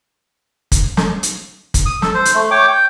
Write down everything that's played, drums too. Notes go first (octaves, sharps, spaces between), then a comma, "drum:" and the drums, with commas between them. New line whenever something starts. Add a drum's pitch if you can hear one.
drum: kick, hi-hat
drum: snare
drum: hi-hat
drum: kick, hi-hat
D#6
A4, drum: snare
C5
drum: hi-hat
A3
C#5 G5 D6
G5